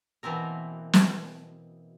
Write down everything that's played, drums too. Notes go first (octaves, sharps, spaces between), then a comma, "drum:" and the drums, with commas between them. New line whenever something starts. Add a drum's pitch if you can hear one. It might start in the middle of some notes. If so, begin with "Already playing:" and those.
B2 E3 A#3 C4 A#4
drum: snare